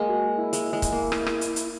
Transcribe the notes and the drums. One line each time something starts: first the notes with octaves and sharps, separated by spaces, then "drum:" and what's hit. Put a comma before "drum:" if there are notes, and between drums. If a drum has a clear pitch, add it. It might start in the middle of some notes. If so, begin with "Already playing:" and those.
Already playing: G#3 A#3
F#4
E4
G#3, drum: hi-hat
G#3
drum: kick, hi-hat
A#3
drum: rim click
drum: rim click
drum: hi-hat
drum: hi-hat